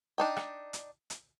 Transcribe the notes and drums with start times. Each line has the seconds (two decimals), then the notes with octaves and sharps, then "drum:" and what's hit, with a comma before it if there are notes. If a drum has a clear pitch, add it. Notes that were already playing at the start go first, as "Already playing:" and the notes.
0.18 D4 D#4 G5
0.36 drum: rim click
0.73 drum: hi-hat
1.10 drum: hi-hat